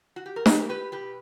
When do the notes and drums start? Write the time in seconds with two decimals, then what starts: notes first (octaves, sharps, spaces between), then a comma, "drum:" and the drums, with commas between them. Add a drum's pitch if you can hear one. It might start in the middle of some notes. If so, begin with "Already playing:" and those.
0.16 F#4
0.26 G4
0.36 A#4
0.46 E4 G4 B4, drum: snare
0.60 A#4
0.69 G4 B4
0.92 B2 G4 B4